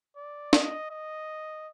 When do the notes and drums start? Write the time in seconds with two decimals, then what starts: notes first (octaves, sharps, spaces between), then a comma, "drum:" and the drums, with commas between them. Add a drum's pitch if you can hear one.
0.16 D5
0.53 D#5, drum: snare
0.90 D#5